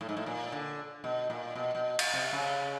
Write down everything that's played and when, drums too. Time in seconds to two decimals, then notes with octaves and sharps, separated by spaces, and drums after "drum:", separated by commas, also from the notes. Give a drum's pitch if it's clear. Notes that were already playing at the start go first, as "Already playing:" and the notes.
0.01 A2
0.09 G#2
0.17 A2
0.26 A#2
0.52 D3
1.04 B2
1.30 A#2
1.55 B2
1.75 B2
1.99 drum: cymbal
2.13 C3
2.33 C#3